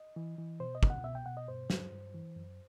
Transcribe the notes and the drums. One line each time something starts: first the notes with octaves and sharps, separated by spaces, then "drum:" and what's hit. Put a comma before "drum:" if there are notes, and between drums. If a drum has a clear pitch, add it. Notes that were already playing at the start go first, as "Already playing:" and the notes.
Already playing: D#5
E3
E3
B2 C5
D#5
C2, drum: kick
F#5
B2 E5
G5
B2 F#5
D#5
G2 C5
G2, drum: snare
G2
E3
F#2